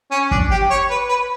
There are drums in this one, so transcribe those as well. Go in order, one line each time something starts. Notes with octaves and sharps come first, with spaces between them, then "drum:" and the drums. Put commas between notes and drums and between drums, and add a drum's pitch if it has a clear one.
C#4
D4, drum: kick
G4
C#5
B4
B4